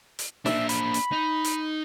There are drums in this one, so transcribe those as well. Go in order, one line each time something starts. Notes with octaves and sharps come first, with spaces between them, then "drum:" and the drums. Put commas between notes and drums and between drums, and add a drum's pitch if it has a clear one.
drum: hi-hat
A#3 D4 E5, drum: snare
B5, drum: hi-hat
drum: hi-hat
D#4
drum: hi-hat